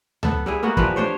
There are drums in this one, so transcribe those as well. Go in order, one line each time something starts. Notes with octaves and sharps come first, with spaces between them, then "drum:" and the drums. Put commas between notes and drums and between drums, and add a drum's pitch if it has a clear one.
B3 A4, drum: tom C#2
G3 E4 G#4
G3 A#3 B3 F#4
E3 F3 G3 B4, drum: kick
D4 G4 C5 C#5